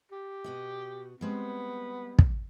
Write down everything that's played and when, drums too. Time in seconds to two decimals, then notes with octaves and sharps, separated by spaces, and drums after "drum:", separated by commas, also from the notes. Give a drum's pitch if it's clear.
0.12 G4
0.44 B2 F#4 D#5
1.21 G3 G#3 B3 C4
2.19 drum: kick